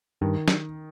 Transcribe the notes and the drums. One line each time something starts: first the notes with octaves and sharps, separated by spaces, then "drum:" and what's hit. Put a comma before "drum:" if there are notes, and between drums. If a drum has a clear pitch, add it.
G2 D#3
drum: snare